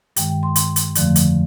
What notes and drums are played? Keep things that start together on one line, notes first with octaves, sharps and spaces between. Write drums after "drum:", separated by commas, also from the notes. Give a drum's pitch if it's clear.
G2 D#3 G#3 G5, drum: hi-hat
G5
C6
C6, drum: hi-hat
drum: hi-hat
F2 D3 F3 A3, drum: hi-hat
drum: hi-hat